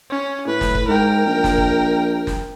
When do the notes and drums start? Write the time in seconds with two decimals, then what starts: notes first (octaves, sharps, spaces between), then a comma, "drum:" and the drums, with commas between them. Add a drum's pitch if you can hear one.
0.10 C#4
0.47 A2 B4
0.61 drum: snare
0.75 drum: kick
0.87 G#2 A#4 G5
1.26 A#1
1.44 drum: snare
1.58 drum: kick
2.27 drum: snare